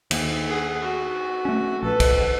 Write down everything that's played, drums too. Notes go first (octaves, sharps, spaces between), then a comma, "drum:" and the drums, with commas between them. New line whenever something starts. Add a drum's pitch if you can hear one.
D#2, drum: cymbal
G#4 F#5
F#4
A3 C#4
A#1 A4 B4
drum: kick, cymbal